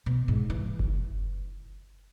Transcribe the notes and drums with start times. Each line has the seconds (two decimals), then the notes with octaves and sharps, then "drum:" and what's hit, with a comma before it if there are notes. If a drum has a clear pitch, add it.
0.06 B2
0.28 G#2
0.50 E3
0.79 drum: kick F#1